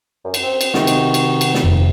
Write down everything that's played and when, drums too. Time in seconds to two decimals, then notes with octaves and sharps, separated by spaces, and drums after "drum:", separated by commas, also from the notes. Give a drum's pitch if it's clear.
0.25 F#2
0.34 drum: cymbal
0.43 C4
0.61 drum: cymbal
0.74 C3 D#3 F#4, drum: snare
0.87 drum: cymbal
1.14 drum: cymbal
1.41 drum: cymbal
1.54 drum: snare
1.64 F1